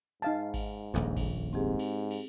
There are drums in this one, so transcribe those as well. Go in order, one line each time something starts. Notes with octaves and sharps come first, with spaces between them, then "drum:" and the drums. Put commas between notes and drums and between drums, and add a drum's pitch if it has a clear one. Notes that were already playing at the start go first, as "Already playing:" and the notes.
G#2 D#4 F5 A5
drum: kick G#1, cymbal
D#1 A#1 F2
drum: kick G#1, cymbal
G#2 C4 G4 G#4
drum: cymbal
drum: cymbal